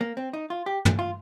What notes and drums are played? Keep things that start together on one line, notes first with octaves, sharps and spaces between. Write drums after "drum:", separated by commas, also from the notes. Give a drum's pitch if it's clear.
A#3
C4
D#4
F4
G4
drum: tom
F4